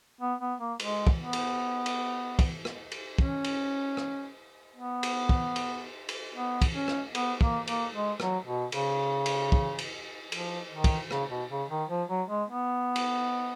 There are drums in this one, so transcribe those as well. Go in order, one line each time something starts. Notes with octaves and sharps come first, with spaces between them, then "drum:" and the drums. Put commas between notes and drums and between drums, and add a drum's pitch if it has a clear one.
B3
B3
A#3
G#3, drum: cymbal
drum: kick
B3
drum: cymbal
drum: cymbal
drum: kick, cymbal
drum: rim click
drum: cymbal
C#4, drum: kick
drum: cymbal
drum: rim click
B3
drum: cymbal
drum: kick
drum: cymbal
drum: cymbal
B3
drum: kick, cymbal
C#4
drum: rim click
B3, drum: cymbal
A#3, drum: kick
A#3, drum: cymbal
G#3
F#3, drum: rim click
B2
C#3, drum: cymbal
drum: cymbal
drum: kick
drum: cymbal
F3, drum: cymbal
D#3
drum: kick, cymbal
C#3, drum: rim click
B2
C#3
D#3
F3
F#3
G#3
B3
drum: cymbal